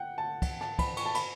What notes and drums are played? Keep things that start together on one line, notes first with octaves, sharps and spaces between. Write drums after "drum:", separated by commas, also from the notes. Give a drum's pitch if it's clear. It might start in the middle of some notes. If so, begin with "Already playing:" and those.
Already playing: F#5 G5
A5
drum: kick, cymbal
A5, drum: rim click
B5, drum: kick, cymbal
C#6, drum: cymbal
A5
B5, drum: cymbal